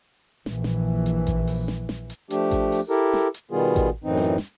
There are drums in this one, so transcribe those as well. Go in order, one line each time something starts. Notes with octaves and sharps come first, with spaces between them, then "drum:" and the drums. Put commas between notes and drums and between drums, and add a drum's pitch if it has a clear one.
A#1 E3, drum: snare
drum: snare
drum: hi-hat
drum: kick A1, hi-hat
drum: open hi-hat
drum: snare
drum: snare
drum: hi-hat
F3 A3 D4 G4, drum: hi-hat
drum: kick A1, hi-hat
drum: open hi-hat
E4 G4 A4 A#4
drum: snare
drum: hi-hat
B2 D#3 G3 B3 F4 G#4
drum: kick A1, hi-hat
F#2 A2 E3 C4 D#4
drum: snare
drum: snare